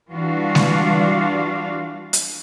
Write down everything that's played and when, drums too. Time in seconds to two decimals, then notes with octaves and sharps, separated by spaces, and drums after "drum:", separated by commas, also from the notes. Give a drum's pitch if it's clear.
0.12 E3 G3 D4 F4 F#4 F5
0.55 drum: snare G#3
2.13 drum: hi-hat